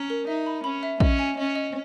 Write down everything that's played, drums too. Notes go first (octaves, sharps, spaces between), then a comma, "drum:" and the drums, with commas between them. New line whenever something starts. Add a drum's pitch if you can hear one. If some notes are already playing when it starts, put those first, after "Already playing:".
Already playing: C#4 A#5
A#4
D#4 E5
B5
C#4 B5
E5
C#4 D#5, drum: kick A#1
G#5
C#4 D#5
D#5